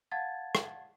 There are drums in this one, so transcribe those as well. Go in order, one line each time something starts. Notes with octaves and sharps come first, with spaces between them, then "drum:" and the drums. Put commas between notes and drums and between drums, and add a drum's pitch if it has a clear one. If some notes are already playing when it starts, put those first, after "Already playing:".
F5 F#5 A5 G#6 A6
drum: rim click